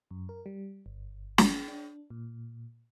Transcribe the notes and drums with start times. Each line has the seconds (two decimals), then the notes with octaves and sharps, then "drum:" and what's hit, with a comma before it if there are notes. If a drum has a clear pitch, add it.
0.11 F#2
0.29 A#4
0.46 G3
0.86 G1
1.38 drum: snare
1.68 D4
2.10 A#2